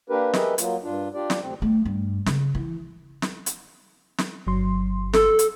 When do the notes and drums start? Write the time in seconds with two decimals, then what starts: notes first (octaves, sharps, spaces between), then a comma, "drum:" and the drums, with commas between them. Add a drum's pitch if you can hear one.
0.10 A#3 D4 G4 A#4 B4
0.33 G4 G#4 A#4 B4 D#5 E5, drum: snare
0.58 F#3 A#3 F4, drum: hi-hat
0.83 G2 D4 F4
1.14 D4 F4 G4 D5
1.30 drum: snare
1.41 D2 C3 C4
1.62 A3
1.85 G2
2.26 C#3, drum: snare
2.55 E3
3.22 drum: snare
3.46 drum: hi-hat
4.18 drum: snare
4.47 G1 F#3 C6
5.13 A4, drum: snare
5.39 drum: hi-hat